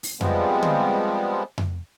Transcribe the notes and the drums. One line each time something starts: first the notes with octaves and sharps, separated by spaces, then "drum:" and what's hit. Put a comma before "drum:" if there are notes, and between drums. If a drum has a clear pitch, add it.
drum: open hi-hat
F3 G3 G#3 B3 C4, drum: tom F2
drum: tom D3
drum: tom F2